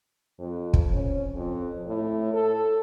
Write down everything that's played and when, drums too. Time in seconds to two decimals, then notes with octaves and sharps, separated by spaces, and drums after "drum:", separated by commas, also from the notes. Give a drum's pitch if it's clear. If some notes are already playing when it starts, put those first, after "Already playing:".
0.39 F2
0.74 drum: kick
0.94 C#4
1.34 F2
1.87 A2
2.34 A4